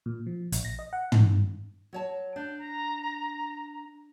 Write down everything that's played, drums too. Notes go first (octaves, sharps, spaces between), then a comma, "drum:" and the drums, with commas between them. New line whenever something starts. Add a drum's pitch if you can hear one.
A#2
F3
A#1, drum: hi-hat
A#6
D#5
F#5
drum: tom
F#3 C#5 A5
D4 G6
A#5